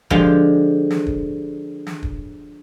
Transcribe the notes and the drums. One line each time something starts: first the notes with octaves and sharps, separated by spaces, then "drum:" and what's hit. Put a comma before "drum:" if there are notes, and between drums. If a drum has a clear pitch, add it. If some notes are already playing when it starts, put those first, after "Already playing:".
D3 F3 G#3 F4 G4, drum: kick
drum: snare
drum: kick
drum: snare
drum: kick